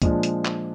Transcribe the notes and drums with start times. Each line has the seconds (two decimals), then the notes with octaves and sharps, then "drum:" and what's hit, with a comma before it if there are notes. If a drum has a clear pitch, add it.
0.02 A#2 F3 G#3 D4, drum: kick, hi-hat
0.23 drum: hi-hat
0.45 drum: clap